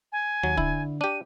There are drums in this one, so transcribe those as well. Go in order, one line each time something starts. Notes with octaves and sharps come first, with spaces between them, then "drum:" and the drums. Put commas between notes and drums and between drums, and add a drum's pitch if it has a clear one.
G#5
D#2 F#3
D3 E4, drum: kick
D4 G4 D#7